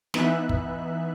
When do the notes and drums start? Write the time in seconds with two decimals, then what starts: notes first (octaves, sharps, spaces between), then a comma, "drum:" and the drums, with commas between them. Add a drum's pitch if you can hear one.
0.14 E3 B3 D#4 E5 F#6, drum: snare
0.49 drum: kick